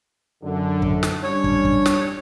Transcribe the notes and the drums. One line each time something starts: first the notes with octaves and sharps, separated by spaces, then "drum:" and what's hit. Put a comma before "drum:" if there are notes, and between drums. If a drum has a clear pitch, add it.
F#2 D3
drum: kick
drum: snare
G3 C#4 D4 C#5
drum: kick
drum: kick
drum: snare